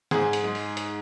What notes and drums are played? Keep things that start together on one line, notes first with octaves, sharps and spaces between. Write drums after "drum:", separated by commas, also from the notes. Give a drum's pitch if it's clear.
G#2 G#4, drum: snare
drum: hi-hat
G#3
drum: open hi-hat
drum: hi-hat